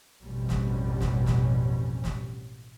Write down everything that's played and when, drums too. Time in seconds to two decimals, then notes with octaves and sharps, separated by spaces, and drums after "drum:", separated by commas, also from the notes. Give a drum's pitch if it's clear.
0.23 A1 F2 B2 G3 C#4
0.49 drum: snare
1.01 drum: snare
1.26 drum: snare
2.04 drum: snare